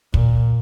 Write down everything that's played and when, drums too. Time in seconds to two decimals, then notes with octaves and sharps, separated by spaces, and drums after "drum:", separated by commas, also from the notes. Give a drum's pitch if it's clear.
0.14 A#2, drum: kick